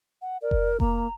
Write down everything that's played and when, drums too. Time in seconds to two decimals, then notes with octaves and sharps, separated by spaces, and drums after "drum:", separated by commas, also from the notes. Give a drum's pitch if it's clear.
0.22 F#5
0.42 A#4 D5
0.51 drum: kick F1
0.80 A#3 A#5, drum: kick F1